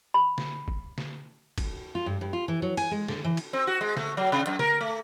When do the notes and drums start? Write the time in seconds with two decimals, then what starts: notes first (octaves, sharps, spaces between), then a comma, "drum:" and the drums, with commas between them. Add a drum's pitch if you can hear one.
0.14 B5
0.38 drum: snare D3
0.68 drum: kick
0.98 drum: snare D3
1.58 drum: kick, cymbal
1.95 F4
2.06 G2
2.21 G2
2.33 F4
2.48 E3
2.62 F#3
2.77 G#5, drum: cymbal
2.91 G#3
3.08 D3, drum: snare D3
3.24 E3
3.37 drum: cymbal
3.53 C4
3.67 F#4
3.81 G#3
3.97 A3, drum: snare D3
4.17 F#3
4.32 C3
4.47 F#2
4.59 A#4, drum: snare D3
4.81 A3